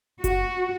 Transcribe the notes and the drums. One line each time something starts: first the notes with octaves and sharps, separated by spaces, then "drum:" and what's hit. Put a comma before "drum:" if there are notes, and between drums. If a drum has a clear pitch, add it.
F#4, drum: kick F#1, hi-hat